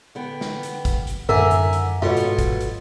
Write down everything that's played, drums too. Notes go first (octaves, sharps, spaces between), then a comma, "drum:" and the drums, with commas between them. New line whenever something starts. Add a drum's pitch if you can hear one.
D3 B3 G5
drum: snare
drum: hi-hat
drum: kick G#1, hi-hat
drum: hi-hat
F#2 A2 D3 D#3 A#4 E5 G#5 A#5
drum: hi-hat
drum: hi-hat
G#2 B2 F4 A4 C#5 F5
drum: hi-hat
drum: kick G#1, hi-hat
drum: hi-hat